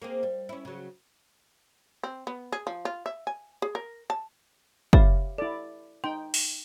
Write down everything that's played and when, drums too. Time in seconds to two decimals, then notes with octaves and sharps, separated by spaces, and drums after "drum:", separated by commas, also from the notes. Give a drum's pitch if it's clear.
0.02 A#3 C4 G#4
0.23 G3
0.49 C#4 E4
0.65 C#3 F#3
2.03 C4
2.27 B3
2.52 G#4
2.67 F3
2.85 F4
3.06 E5
3.27 G#5
3.62 G#4
3.75 A#4
4.10 A5
4.93 G4 C#5 E5 F5 B5, drum: kick
5.38 E4 A4 D5
6.04 D#4 G5 C6
6.34 drum: open hi-hat